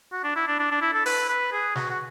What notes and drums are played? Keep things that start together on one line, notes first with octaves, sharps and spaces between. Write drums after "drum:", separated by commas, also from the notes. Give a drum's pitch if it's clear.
F#4
D4
E4
D4
D4
D4
E4
A4
B4, drum: open hi-hat
B4
G#4
F#4, drum: snare
F#4